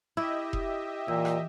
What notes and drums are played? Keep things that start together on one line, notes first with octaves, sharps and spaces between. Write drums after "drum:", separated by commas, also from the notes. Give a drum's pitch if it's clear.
E4 G4 D#5 E5
drum: kick F1
A#2 E3 G5 E6
drum: rim click